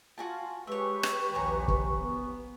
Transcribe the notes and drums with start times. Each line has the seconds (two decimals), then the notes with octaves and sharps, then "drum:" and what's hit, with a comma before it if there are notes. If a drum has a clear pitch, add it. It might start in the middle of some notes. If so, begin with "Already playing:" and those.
0.18 F4 F#4 G#5 A5
0.67 G#3 G4 B4 C#5 E5 C#6
1.03 drum: rim click
1.34 A#1 D#2 C#5 G#5 A#5
1.68 drum: kick
2.02 B3